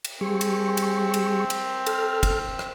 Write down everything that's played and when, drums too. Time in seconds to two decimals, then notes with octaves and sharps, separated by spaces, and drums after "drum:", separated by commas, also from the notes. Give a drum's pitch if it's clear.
0.05 drum: cymbal
0.21 G3 C4 G#4 C#6
0.41 drum: cymbal
0.77 drum: cymbal
1.14 drum: cymbal
1.50 drum: cymbal
1.86 A4 F6, drum: cymbal
2.23 drum: kick, cymbal
2.59 drum: rim click